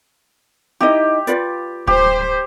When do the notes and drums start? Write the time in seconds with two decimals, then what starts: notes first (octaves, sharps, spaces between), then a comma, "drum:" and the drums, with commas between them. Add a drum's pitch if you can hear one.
0.80 D#4 E4 G4 D#5
1.27 F4 B4 D5, drum: hi-hat
1.87 G4 C5, drum: kick D1